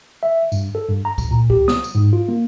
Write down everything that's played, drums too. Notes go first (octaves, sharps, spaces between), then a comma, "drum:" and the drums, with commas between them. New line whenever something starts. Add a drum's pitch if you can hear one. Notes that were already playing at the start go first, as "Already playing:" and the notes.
E5
G2, drum: tambourine
A4
G2
A#5
drum: kick C#2, tambourine
A#2
G4, drum: kick C#2
D#6, drum: snare
drum: tambourine
G#2
F4
A#3